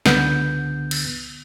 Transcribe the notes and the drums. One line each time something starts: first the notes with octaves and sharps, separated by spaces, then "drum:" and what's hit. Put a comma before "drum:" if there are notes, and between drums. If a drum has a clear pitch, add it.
C#2 D3 B3 G6, drum: snare
drum: cymbal